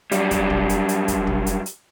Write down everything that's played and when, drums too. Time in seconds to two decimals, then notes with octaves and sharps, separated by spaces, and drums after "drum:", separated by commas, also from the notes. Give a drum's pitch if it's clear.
0.12 F#2 G3, drum: hi-hat
0.31 drum: kick, hi-hat
0.50 drum: tom
0.69 drum: hi-hat
0.89 drum: hi-hat
1.08 drum: kick, hi-hat
1.27 drum: tom
1.46 drum: hi-hat
1.66 drum: hi-hat